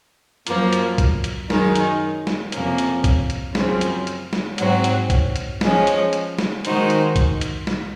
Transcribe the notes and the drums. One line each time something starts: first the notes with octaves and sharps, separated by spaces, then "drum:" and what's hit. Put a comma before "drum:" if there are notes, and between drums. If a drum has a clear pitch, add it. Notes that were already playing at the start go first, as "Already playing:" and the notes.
F#2 F3 A#3, drum: hi-hat
drum: hi-hat
drum: kick B1, hi-hat
drum: hi-hat
F#2 D#3 G#3 D#4, drum: snare
drum: hi-hat
drum: snare
F2 C3 F3 A#3 C#4, drum: hi-hat
drum: hi-hat
drum: kick B1, hi-hat
drum: hi-hat
F#2 C#3 F3 C4, drum: snare
drum: hi-hat
drum: hi-hat
drum: snare
G#2 F#3 C4 F#4, drum: hi-hat
drum: hi-hat
drum: kick B1, hi-hat
drum: hi-hat
F3 G#3 C#4, drum: snare
drum: hi-hat
drum: hi-hat
drum: snare
D#3 G#3 D#4 F#4 C5, drum: hi-hat
drum: hi-hat
drum: kick B1, hi-hat
drum: hi-hat
drum: snare